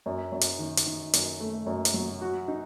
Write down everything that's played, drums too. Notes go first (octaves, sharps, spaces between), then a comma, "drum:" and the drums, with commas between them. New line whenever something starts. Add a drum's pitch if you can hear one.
F#2
F#2
drum: hi-hat
D#3
drum: hi-hat
D#3
F#2, drum: hi-hat
A3
F#2
drum: hi-hat
F#3
F#4
D#4